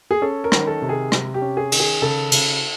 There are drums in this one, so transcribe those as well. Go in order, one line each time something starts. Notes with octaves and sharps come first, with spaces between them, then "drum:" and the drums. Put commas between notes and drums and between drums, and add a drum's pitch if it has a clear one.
G#4
C#4 A4
A#4
D#3, drum: rim click
A4
C3
G#4
C3, drum: rim click
G4
C#4
G#4
D#3, drum: cymbal
G#4
C#3 A4
C#3, drum: cymbal